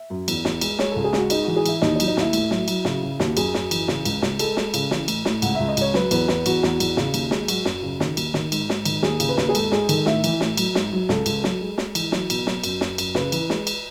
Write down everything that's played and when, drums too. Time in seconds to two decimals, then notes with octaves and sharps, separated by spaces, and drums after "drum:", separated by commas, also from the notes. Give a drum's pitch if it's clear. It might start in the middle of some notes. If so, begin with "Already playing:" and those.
Already playing: E5
0.10 F#2
0.28 E2, drum: cymbal
0.45 E2, drum: snare
0.61 G#3, drum: cymbal
0.79 G#3 C#5, drum: snare
0.91 C#2 A4
1.04 G#4
1.13 G#3 F#4, drum: snare
1.30 G#3 D#4, drum: cymbal
1.43 E3 F#4
1.56 G#4
1.66 E3 E4, drum: cymbal
1.82 D#2 D#4, drum: snare
1.96 D#4
2.00 F#3, drum: cymbal
2.08 D#4
2.17 D#2 E4, drum: snare
2.33 A2, drum: cymbal
2.51 F#3, drum: snare
2.68 F#3, drum: cymbal
2.85 C#3, drum: snare
3.02 C#3
3.20 D#2, drum: snare
3.26 F#4
3.37 F#2 G#4, drum: cymbal
3.54 F#2, drum: snare
3.71 E3, drum: cymbal
3.88 C#3, drum: snare
4.05 C#2, drum: cymbal
4.22 C#2, drum: snare
4.39 G#3 A4, drum: cymbal
4.57 G#3, drum: snare
4.74 C#3, drum: cymbal
4.91 E3, drum: snare
5.08 A2, drum: cymbal
5.25 A2, drum: snare
5.42 C#2 F#5, drum: cymbal
5.55 C#2 E5
5.68 D#5
5.77 C#2 C#5, drum: cymbal
5.94 F#3 B4, drum: snare
6.11 E2 B4, drum: cymbal
6.28 E2 B4, drum: snare
6.46 E2 F#4, drum: cymbal
6.63 E2, drum: snare
6.80 E2, drum: cymbal
6.97 C#3, drum: snare
7.14 D#2, drum: cymbal
7.31 G#3, drum: snare
7.48 F#3 F#4, drum: cymbal
7.65 F#2, drum: snare
7.82 C#3
8.00 D#3, drum: snare
8.17 D#2, drum: cymbal
8.34 D#3, drum: snare
8.52 G#2, drum: cymbal
8.69 G#2, drum: snare
8.85 D#3, drum: cymbal
9.03 D#2 G#4, drum: snare
9.20 C#3, drum: cymbal
9.29 B4
9.37 D#2, drum: snare
9.49 G#4
9.55 G#2 A4, drum: cymbal
9.72 G#3 G#4, drum: snare
9.89 D#3 A4, drum: cymbal
10.06 A2 E5, drum: snare
10.24 E3, drum: cymbal
10.41 A2, drum: snare
10.57 F#3, drum: cymbal
10.75 G#2, drum: snare
10.92 F#3
11.09 C#2 A4, drum: snare
11.26 C#2, drum: cymbal
11.44 F#3, drum: snare
11.61 G#3
11.78 G#3, drum: snare
11.95 E3, drum: cymbal
12.12 F#3, drum: snare
12.30 B2, drum: cymbal
12.47 F#3, drum: snare
12.64 F#2, drum: cymbal
12.81 F#2, drum: snare
12.98 F#2, drum: cymbal
13.15 C#3 B4, drum: snare
13.32 E3, drum: cymbal
13.50 G#3, drum: snare
13.67 drum: cymbal